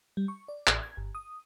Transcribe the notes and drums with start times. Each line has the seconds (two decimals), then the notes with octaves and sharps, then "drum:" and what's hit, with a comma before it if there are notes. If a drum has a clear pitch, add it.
0.17 G3
0.28 C#6
0.48 D5
0.67 A1, drum: clap
0.83 G#6
0.97 G1
1.15 D#6